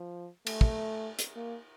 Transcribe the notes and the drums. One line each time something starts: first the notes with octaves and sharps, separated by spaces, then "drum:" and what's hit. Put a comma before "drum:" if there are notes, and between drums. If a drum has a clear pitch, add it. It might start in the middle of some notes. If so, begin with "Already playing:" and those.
Already playing: F3
A3, drum: cymbal
drum: kick
drum: hi-hat
A#3